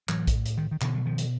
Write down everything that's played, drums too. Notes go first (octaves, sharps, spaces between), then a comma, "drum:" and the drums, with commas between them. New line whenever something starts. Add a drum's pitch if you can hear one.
A2 E3 F#3, drum: clap
drum: kick A#1, hi-hat
drum: hi-hat
D#3
D#3
B2 D3 E3, drum: clap
F#3
D#3 F3
drum: hi-hat